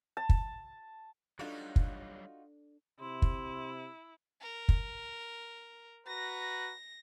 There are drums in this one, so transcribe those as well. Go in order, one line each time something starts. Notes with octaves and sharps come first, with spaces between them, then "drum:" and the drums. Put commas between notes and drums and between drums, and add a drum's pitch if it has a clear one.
A5
drum: kick
F#3 G3 D4 D#4 F4 F#4 A4
drum: kick
C3 E4 C6
drum: kick
A#4
drum: kick
F#4 B4 A#5 A#6